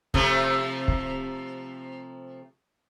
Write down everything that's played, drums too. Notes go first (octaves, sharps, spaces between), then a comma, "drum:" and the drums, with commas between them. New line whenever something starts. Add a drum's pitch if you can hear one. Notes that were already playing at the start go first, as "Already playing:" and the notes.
C3 F3 A3, drum: kick
drum: kick